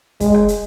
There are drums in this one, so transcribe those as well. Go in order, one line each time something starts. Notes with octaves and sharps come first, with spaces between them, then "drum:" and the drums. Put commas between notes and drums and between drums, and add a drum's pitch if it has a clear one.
G#3, drum: kick, hi-hat
drum: rim click
drum: hi-hat